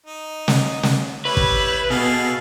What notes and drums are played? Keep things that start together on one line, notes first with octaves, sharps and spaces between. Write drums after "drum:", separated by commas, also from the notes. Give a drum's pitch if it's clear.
D#4
drum: snare
drum: snare
G3 E4 B4 C#5
drum: kick
B2 G#4 A4 F5